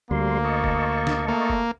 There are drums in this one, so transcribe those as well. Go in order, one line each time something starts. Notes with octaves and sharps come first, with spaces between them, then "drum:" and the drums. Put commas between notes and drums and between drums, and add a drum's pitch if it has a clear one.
D2 G3 A#3 C6
D#5 A5 C#6
drum: kick F1
drum: snare
A3 A#3
drum: kick F1